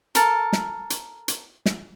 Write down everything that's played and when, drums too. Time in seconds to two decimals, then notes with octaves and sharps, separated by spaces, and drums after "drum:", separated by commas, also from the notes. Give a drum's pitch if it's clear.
0.15 A4 A#4 A5, drum: hi-hat
0.53 drum: snare
0.90 drum: hi-hat
1.28 drum: hi-hat
1.66 drum: snare